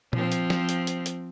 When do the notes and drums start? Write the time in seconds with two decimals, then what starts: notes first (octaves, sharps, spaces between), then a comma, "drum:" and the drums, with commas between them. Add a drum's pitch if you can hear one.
0.13 F3 C4, drum: tom A#2
0.32 drum: hi-hat
0.50 drum: snare
0.69 drum: hi-hat
0.87 drum: hi-hat
1.06 drum: hi-hat